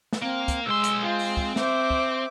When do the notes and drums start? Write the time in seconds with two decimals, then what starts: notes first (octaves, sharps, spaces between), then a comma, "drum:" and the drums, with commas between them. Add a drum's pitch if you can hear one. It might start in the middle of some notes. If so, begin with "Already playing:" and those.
0.13 drum: snare
0.22 A#3 C4
0.48 drum: kick, hi-hat
0.66 B1 G#3 C6 E6
0.84 drum: hi-hat
1.05 C4 F4
1.19 drum: open hi-hat
1.37 drum: kick
1.56 C5 E5 D6, drum: snare
1.90 drum: kick